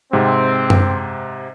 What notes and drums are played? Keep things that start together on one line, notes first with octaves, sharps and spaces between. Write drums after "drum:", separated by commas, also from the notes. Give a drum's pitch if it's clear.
G#2 C3 C4
drum: tom F#2